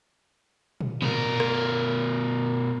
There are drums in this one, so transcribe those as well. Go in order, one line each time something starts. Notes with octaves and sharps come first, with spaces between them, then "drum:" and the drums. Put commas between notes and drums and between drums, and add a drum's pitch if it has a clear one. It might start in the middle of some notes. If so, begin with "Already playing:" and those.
drum: tom
B2 A#4, drum: tom
drum: rim click